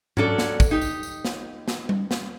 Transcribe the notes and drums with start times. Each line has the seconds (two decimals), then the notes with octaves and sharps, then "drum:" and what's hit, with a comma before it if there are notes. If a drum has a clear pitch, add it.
0.17 F#3 C#4 D4 A4, drum: tom G#2
0.38 drum: snare
0.60 drum: kick, tambourine
0.71 D#4 G4
0.81 drum: tambourine
1.03 drum: tambourine
1.25 drum: snare
1.68 drum: snare
1.89 drum: tom G3
2.11 drum: snare